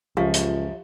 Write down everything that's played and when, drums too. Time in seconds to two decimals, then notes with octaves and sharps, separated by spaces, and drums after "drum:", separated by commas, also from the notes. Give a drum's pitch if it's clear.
0.17 C#2 F#2 F3 G4 F5 C#6
0.34 drum: hi-hat